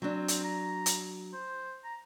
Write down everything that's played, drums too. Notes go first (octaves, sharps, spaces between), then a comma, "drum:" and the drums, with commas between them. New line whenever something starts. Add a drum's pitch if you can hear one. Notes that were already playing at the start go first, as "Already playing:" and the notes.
F#3 C4 D4
drum: hi-hat
A#5
drum: hi-hat
C5
A#5